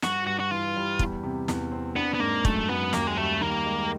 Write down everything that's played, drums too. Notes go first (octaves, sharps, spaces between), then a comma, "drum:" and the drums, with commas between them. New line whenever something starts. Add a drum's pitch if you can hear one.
G2 F#4, drum: snare
G2 F#4
F#4
E3 F4
G3
E2, drum: kick
C3
E2, drum: snare
C4
B3 D4
B3
G#2 A#3
F#2 A3, drum: kick
F#2 B3
D#2 A#3, drum: snare
G#3
G3 A3
D#3 A#3
G#3